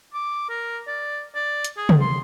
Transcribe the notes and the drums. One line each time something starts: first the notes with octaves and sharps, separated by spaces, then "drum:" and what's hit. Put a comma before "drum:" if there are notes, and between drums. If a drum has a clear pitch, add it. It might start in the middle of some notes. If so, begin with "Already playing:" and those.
D6
A#4
D5
D5
drum: hi-hat
G#4
drum: tom
C6